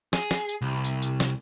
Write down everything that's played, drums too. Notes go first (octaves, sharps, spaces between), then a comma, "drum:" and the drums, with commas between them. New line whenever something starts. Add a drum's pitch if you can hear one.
G#4, drum: snare
drum: snare
drum: tambourine
C2
drum: tambourine
drum: tambourine
drum: snare